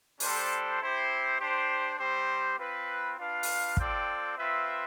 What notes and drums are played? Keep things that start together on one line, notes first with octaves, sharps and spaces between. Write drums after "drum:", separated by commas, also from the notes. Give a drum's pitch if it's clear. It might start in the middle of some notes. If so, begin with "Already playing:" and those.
G3 D4 A4 C5, drum: open hi-hat
C4 E4 G4 C5
D4 G4 C5
G3 C4 G4 C5
C4 F4 B4
D4 F4 B4 F5
drum: open hi-hat
C4 F4 A4 D5 G5, drum: kick
C4 F4 B4 E5